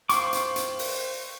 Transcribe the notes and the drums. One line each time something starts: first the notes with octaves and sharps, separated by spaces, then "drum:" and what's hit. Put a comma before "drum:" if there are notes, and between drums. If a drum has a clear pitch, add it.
C5 F5 G5 C#6 D6, drum: hi-hat
drum: hi-hat
drum: hi-hat
drum: open hi-hat